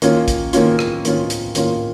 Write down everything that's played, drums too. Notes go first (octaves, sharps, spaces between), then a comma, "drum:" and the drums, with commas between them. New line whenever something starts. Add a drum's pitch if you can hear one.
D#3 A#3 C#4 F4, drum: hi-hat
drum: kick, hi-hat
D#3 A#3 C#4 F4, drum: hi-hat
drum: rim click
D#3 A#3 C#4 F4, drum: hi-hat
drum: hi-hat
D#3 A#3 C#4 F4, drum: hi-hat